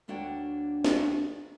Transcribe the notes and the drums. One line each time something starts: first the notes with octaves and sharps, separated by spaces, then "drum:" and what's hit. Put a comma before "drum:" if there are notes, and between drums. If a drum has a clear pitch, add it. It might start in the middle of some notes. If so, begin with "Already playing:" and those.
D2 A#3 D4 F#4 C#5 G5
drum: snare